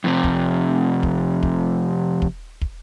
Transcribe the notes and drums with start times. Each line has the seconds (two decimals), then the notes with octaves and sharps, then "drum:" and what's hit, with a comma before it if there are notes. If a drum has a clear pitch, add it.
0.04 F2 C3
0.24 drum: kick
1.03 drum: kick
1.43 drum: kick
2.22 drum: kick
2.61 drum: kick